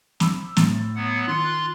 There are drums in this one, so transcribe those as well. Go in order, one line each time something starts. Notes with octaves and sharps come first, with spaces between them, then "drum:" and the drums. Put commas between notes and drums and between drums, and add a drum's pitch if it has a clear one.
B5 D6 E6, drum: snare
A2 A6, drum: snare
F#3 B3 F#5
D#3 F4 C6 F#6